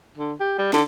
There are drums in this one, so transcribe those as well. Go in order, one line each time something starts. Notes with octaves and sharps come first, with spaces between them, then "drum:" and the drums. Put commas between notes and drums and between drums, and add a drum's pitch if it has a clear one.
D3
G4
G3
D3, drum: snare